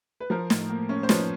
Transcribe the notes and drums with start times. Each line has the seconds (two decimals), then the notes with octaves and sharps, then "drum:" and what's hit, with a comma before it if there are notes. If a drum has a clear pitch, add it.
0.20 B4
0.30 F3 A#4 C5
0.50 A2, drum: snare
0.70 A#3
0.89 C#4
1.03 C5
1.09 F3 B4 C#5, drum: snare